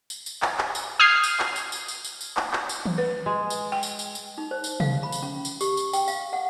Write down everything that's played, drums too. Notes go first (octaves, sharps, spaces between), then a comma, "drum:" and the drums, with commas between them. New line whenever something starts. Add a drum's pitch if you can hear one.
drum: tambourine
drum: tambourine
drum: clap
drum: clap
drum: tambourine
D#6 F6 G6 G#6 C7
drum: tambourine
drum: clap
drum: tambourine
drum: tambourine
drum: tambourine
drum: tambourine
drum: tambourine
drum: clap
drum: clap
drum: tambourine
drum: tom D#3
B4
G#3
drum: tambourine
G5
drum: tambourine
drum: tambourine
drum: tambourine
D#4
C5
drum: tambourine
F5, drum: tom C3
B5
drum: tambourine
C#4
drum: tambourine
G4, drum: tambourine
drum: tambourine
G5, drum: tambourine
F5, drum: tambourine
F#5